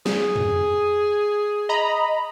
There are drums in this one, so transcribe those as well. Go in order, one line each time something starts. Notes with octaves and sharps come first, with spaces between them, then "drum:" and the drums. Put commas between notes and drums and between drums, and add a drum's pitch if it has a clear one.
G#4, drum: snare
drum: tom F2
D#5 A#5 B5